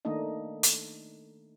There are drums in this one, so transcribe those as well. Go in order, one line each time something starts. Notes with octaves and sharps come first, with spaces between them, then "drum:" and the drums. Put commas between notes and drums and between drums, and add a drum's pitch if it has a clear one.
D#3 A3 A#3 D4 D#4 D#5
drum: hi-hat